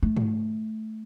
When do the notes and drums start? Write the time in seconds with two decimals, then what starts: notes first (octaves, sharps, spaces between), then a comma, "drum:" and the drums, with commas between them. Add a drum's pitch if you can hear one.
0.03 A3
0.17 drum: tom G#2